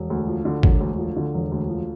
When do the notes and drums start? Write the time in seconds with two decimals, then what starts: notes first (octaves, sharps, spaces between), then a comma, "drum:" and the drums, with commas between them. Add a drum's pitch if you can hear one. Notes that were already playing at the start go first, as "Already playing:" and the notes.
Already playing: E1
0.10 D2
0.28 F3
0.45 D3
0.63 E1, drum: kick
0.81 D2
0.98 F3
1.17 D3
1.34 E1
1.52 D2
1.69 F3